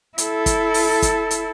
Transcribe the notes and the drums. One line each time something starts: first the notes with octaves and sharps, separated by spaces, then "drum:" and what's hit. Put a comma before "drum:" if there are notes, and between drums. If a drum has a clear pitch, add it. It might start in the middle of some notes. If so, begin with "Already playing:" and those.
E4 A4, drum: hi-hat
drum: kick, hi-hat
drum: open hi-hat
drum: kick, hi-hat
drum: hi-hat